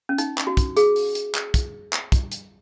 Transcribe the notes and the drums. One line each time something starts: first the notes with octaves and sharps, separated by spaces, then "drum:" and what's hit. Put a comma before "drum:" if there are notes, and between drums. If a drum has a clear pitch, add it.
C#4
D#4, drum: hi-hat
drum: clap
F#4
drum: kick, hi-hat
G#4, drum: hi-hat
drum: open hi-hat
drum: hi-hat
drum: clap
drum: kick, hi-hat
drum: clap
drum: kick, hi-hat
drum: hi-hat